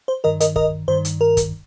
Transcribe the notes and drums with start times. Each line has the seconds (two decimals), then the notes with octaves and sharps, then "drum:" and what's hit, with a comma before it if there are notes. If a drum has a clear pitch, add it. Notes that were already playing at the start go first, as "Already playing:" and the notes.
0.08 C5
0.24 G2 D#3 A#4 D#5
0.40 A#4 D#5, drum: hi-hat
0.56 A#4 D#5, drum: kick
0.88 G2 D#3 C5
1.05 drum: hi-hat
1.21 A#4
1.37 drum: kick, hi-hat